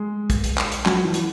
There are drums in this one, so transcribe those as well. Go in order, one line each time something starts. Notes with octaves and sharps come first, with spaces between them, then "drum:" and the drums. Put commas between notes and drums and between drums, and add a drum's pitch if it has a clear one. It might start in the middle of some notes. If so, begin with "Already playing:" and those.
Already playing: G#3
drum: kick, hi-hat
drum: hi-hat
drum: clap
drum: hi-hat
F#3, drum: clap
E3
drum: hi-hat